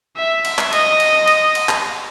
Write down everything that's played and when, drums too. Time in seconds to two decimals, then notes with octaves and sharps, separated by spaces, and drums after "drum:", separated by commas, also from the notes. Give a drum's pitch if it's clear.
0.17 E5
0.45 drum: cymbal
0.58 drum: clap
0.73 D#5, drum: cymbal
1.00 drum: cymbal
1.28 drum: cymbal
1.55 drum: cymbal
1.69 drum: clap